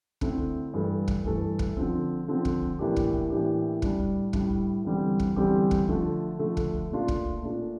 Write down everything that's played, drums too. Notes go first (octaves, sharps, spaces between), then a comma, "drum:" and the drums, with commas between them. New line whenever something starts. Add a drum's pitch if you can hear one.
D3 A3 C4 E4, drum: kick
G2 E3 A3 E4 A4
drum: kick
G2 E3 A3 E4 A4
drum: kick
D3 F3 C4
D3 F3 C4
drum: kick
A2 E3 A#3 D4 G4
drum: kick
A2 E3 A#3 D4 G4
A2 G3 D4, drum: kick
A2 G3 D4, drum: kick
E2 D3 G3 C4 G4
drum: kick
E2 D3 G3 C4 G4
drum: kick
D3 F3 A3
D3 F3 A3
drum: kick
A#2 A3 D4 F4
drum: kick
A#2 A3 D4 F4